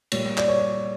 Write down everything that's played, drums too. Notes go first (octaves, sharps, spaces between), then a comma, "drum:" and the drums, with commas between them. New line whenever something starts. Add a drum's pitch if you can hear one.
A#2 G3 C#5, drum: cymbal
D5, drum: clap
C#5
D5